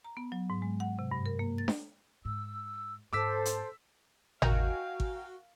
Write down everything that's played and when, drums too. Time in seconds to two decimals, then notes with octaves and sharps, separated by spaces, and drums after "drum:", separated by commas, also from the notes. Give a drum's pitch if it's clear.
0.04 A#5
0.17 B3
0.32 F#3
0.50 G#2
0.62 G#3
0.80 F#5
0.99 C3
1.11 G2
1.26 A#4
1.39 A#3
1.58 A6
1.68 drum: snare D4
2.25 G#2 E6
3.13 G#2 B3 A4 C5 D6 E6 B6
3.45 drum: hi-hat
4.42 D#4 F#4 A#4 F5 G5 G#5, drum: tom G#1
5.00 drum: kick G#1